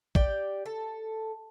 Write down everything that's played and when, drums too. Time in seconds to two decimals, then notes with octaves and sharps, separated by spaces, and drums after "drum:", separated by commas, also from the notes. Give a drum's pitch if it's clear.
0.15 G4 D5 G5, drum: kick
0.66 A4